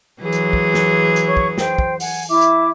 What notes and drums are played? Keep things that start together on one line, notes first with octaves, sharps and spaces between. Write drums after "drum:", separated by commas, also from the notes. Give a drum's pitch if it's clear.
E3 F#3 G#4
drum: hi-hat
drum: kick
drum: snare
drum: hi-hat
C#5 C#6
drum: kick
C5 G5, drum: snare
drum: kick
F#5 G#5, drum: open hi-hat
E4 E5 D6
drum: hi-hat